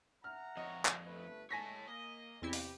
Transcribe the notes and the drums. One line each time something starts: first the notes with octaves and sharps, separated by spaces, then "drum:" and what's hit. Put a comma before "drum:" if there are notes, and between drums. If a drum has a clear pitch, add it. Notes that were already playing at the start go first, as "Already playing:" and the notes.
E5 F#5 A#5 F6
F2 C#5 D#5
drum: clap
G1 A3 B4
G#3 A3 C#5 G#5 A5 A#6 B6
A#3 D#5
E2 C3 C4 E4 G4
drum: open hi-hat